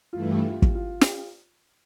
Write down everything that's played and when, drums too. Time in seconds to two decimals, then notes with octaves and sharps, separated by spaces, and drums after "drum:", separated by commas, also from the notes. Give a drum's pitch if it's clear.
0.13 G2 E3 A3 E4 F4
0.31 G4
0.50 F4
0.62 G4, drum: kick
0.75 F4
1.01 drum: snare